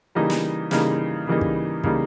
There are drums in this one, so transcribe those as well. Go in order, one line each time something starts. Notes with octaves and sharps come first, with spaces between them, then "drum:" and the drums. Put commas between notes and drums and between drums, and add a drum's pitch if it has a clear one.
C#3 E3 G3 A#3 D#4
drum: snare
C#3 E3 G3 A#3 D#4, drum: snare
C#3 E3 G3 A#3 D#4
drum: kick
C#3 E3 G3 A#3 D#4, drum: kick